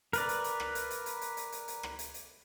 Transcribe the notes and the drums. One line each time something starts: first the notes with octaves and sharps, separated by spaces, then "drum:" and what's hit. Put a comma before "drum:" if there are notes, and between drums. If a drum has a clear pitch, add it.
A#4 B4 D5, drum: hi-hat
drum: hi-hat
drum: hi-hat
drum: rim click
drum: hi-hat
drum: hi-hat
drum: hi-hat
drum: hi-hat
drum: hi-hat
drum: hi-hat
drum: hi-hat
drum: rim click
drum: hi-hat
drum: hi-hat